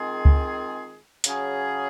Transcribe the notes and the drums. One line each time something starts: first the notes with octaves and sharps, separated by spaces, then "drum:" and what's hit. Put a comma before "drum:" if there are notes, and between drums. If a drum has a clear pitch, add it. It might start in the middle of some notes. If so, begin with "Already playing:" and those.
Already playing: D#3 G#3 C4 F4 G#4
drum: kick C#2
C#3 F#3 C#4 G#4, drum: hi-hat